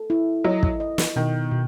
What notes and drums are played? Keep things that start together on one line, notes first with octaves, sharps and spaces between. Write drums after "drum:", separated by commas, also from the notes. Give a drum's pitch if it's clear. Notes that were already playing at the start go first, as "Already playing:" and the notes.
Already playing: A4
E4
F#3 D#5
drum: kick
D#5
drum: snare
B2 D#3
B2